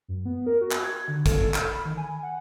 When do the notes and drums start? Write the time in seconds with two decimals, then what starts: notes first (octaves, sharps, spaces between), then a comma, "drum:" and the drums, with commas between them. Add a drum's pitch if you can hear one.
0.08 F#2
0.26 B3
0.46 A#4
0.61 F#4
0.71 drum: clap
0.84 G#6
1.08 D3
1.26 A4, drum: kick, hi-hat
1.54 F6, drum: clap
1.69 B5
1.85 D#3
1.97 G#5
2.23 F#5